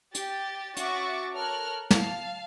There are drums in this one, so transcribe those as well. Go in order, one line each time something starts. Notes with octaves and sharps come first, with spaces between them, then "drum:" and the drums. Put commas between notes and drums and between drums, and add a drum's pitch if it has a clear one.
G4 A6, drum: hi-hat
C#4 F#4 E5 C#6 D6 A6, drum: hi-hat
A4 A#4 C#5 F6 F#6
F5 A5, drum: snare